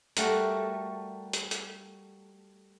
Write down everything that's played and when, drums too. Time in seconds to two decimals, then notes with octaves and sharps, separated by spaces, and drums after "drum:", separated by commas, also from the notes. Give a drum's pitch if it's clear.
0.17 G3 A3 F#4 A#4, drum: hi-hat
1.33 drum: hi-hat
1.51 drum: hi-hat